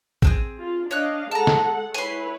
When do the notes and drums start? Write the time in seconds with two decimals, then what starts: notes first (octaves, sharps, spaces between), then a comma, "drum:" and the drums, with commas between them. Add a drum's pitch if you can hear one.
0.22 C4 D4 G#4, drum: kick
0.59 F4
0.91 D4 C#5 D#5 F5 F#6
1.31 G#3 A4 F#5 A5 A#5
1.47 drum: snare
1.94 E4 B4 C#5 G#5 C6, drum: hi-hat